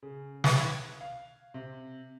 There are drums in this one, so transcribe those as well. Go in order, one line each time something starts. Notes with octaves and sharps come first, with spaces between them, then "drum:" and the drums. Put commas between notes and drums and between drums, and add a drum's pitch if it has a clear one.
C#3
B4, drum: snare
G#6
F5
C3